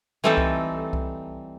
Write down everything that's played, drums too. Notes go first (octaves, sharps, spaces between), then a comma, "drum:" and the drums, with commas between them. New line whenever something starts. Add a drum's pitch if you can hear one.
E3 G3 A3 C4 D#4 A4
drum: kick C2
drum: kick C2